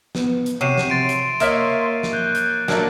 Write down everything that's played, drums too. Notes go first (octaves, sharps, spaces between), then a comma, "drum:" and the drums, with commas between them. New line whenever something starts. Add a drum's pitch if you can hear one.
B3, drum: snare
drum: hi-hat
C3 F#4 C#5 C7 D#7 E7
drum: snare
C6 A6 C7 D7
drum: hi-hat
A#3 C#5 D#5 E5 F6 B6, drum: hi-hat
drum: snare
F#6 G6
drum: hi-hat
F3 F#3 A3 A#3 D4 A#4, drum: snare